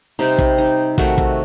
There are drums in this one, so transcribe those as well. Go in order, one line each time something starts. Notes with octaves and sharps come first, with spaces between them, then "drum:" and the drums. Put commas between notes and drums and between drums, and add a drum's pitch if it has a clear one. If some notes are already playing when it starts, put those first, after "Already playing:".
C3 G3 C4 D#4
drum: kick
D#4
C3 D#3 A3 F#4, drum: kick
drum: kick